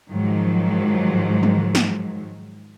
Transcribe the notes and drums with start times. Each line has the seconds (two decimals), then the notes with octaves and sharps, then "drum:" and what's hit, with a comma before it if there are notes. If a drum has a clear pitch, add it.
0.10 G#2 D#3 F3 F#3
1.43 drum: tom
1.75 drum: snare